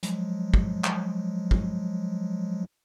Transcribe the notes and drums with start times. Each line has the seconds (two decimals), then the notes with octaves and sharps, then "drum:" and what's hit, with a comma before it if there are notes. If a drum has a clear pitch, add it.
0.03 F3 F#3 G#3, drum: hi-hat
0.54 drum: kick
0.84 drum: clap
1.51 drum: kick